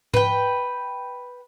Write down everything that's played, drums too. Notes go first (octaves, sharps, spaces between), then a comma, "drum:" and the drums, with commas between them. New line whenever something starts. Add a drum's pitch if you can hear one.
B4 G5, drum: tom G#2